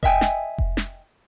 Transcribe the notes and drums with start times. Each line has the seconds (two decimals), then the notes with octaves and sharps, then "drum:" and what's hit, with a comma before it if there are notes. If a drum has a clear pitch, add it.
0.03 D#5 E5 G5 G#5, drum: kick F1
0.21 drum: snare
0.58 drum: kick F1
0.77 drum: snare